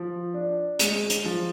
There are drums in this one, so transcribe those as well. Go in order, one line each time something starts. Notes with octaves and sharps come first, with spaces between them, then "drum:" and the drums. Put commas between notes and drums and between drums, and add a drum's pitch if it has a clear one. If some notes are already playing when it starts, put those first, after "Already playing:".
Already playing: F3
D4
G#3, drum: hi-hat
drum: hi-hat
F3